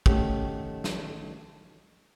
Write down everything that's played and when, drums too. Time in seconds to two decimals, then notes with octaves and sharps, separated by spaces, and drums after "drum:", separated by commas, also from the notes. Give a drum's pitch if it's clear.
0.06 D#3 A3 C#4 F#4 G4, drum: kick
0.84 drum: snare